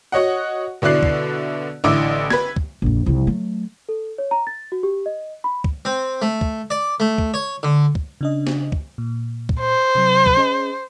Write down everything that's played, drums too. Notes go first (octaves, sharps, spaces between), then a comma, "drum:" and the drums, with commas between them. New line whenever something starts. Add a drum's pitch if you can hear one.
F#4 C#5 D#5 F#5
B2 D3 E4 D5 F#6 C7
drum: kick
A1 D3 E4 D6 E6
B4 G#6, drum: snare
drum: kick
A#1 F2
C2 F3
F#3 A3
A4
C#5
A#5
A6
F#4
G4
D#5
B5
drum: kick
C4
A3
drum: kick
D5
A3
drum: kick
C#5
D3
drum: kick
C#3 D4 D#5
drum: snare
drum: kick
A#2
drum: kick
C5
C3 F#3
drum: kick
C#4 G#4 D#5